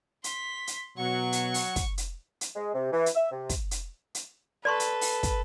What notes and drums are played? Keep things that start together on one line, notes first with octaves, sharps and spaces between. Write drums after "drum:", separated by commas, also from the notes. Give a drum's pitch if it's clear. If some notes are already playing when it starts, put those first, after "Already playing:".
C6 B6, drum: hi-hat
drum: hi-hat
B2 F#3 F#5 C#6
drum: hi-hat
drum: open hi-hat
drum: kick, hi-hat
drum: hi-hat
drum: hi-hat
G#3
C3
E3
drum: hi-hat
E5
C3
drum: kick, hi-hat
drum: hi-hat
drum: hi-hat
A4 B4 D5 C6 C#6
drum: hi-hat
drum: open hi-hat
drum: kick, hi-hat